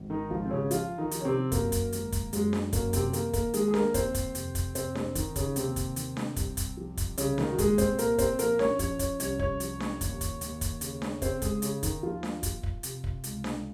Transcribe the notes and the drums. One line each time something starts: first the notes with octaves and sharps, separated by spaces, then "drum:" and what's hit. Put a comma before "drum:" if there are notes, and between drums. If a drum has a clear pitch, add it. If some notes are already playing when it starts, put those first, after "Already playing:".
Already playing: G#1
D#3 D#4
G#1 F3 F4
C4
C#3 C#4
F3 F4, drum: hi-hat
D#3 D#4
F3, drum: hi-hat
C#4
C3 C4
F#2 A#3, drum: kick, hi-hat
drum: kick, hi-hat
G#1, drum: hi-hat
drum: kick, hi-hat
F#2 G#3, drum: hi-hat
drum: snare D4
F#2 A#3, drum: kick, hi-hat
C3 C4, drum: kick, hi-hat
D#3 A#3, drum: hi-hat
A#3, drum: kick, hi-hat
D#3 G#3 G#4, drum: hi-hat
G#4
A#3 A#4, drum: snare D4
D#2 C4 C5, drum: kick, hi-hat
drum: kick, hi-hat
F1, drum: hi-hat
drum: kick, hi-hat
F1 C4 C5, drum: hi-hat
C4 C5, drum: snare D4
D#3 D#4, drum: kick, hi-hat
C#3 C#4, drum: kick, hi-hat
D#2 C3 C4, drum: hi-hat
drum: kick, hi-hat
D#3, drum: hi-hat
drum: snare D4
C2, drum: kick, hi-hat
drum: kick, hi-hat
F3
drum: kick, hi-hat
C2 C#3 C#4, drum: hi-hat
D#3 D#4, drum: snare D4
F#4
A#2 G#3 G#4, drum: kick, hi-hat
C4 C5, drum: kick, hi-hat
A#2 A#3 A#4, drum: hi-hat
C4 C5, drum: kick, hi-hat
F3 A#3 A#4, drum: hi-hat
C#4 C#5, drum: snare D4
F3 C#4 C#5, drum: kick, hi-hat
C#4 C#5, drum: kick, hi-hat
C2 C#4 C#5, drum: hi-hat
C#4 C#5, drum: kick
F3, drum: hi-hat
drum: snare D4
D#2, drum: kick, hi-hat
drum: kick, hi-hat
D#2, drum: hi-hat
drum: kick, hi-hat
C#3, drum: hi-hat
drum: snare D4
C#3 C4 C5, drum: kick, hi-hat
G#3 G#4, drum: kick, hi-hat
C#3 C#4, drum: hi-hat
D#3 D#4, drum: kick, hi-hat
D#2 F3 F4
drum: snare D4
F3, drum: kick, hi-hat
drum: kick
C3, drum: hi-hat
drum: kick
C#2, drum: hi-hat
drum: snare D4